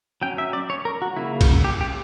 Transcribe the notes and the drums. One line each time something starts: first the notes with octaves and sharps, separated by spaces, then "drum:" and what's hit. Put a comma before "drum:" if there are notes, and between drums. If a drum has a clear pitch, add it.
F#3 C#4 G5
E5
D5
C#5
A#4
F#4
C#3 F#3 A#3 E4
drum: kick B1, cymbal
G4
G4